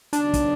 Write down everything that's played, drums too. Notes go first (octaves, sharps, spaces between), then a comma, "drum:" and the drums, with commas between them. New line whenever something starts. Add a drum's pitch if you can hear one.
D#2 C#3 F#3 B3 D4 D#4, drum: hi-hat
drum: kick, hi-hat